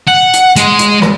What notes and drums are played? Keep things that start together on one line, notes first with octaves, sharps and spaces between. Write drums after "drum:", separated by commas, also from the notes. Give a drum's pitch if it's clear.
F#5
drum: hi-hat
G#3, drum: hi-hat
drum: hi-hat
drum: rim click